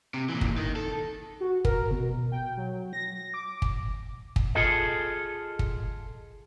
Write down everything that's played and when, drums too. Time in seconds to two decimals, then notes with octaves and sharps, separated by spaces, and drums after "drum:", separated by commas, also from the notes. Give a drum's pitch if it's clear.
0.14 C3
0.29 A#2 E3
0.41 drum: kick
0.57 D#3
0.76 A4
1.41 F#4
1.65 A#4, drum: kick
1.91 B2
2.32 G5
2.57 F#3
2.93 A#6
3.34 D6
3.62 drum: kick
4.36 drum: kick
4.55 F4 G#4 A4 D#5
5.59 drum: kick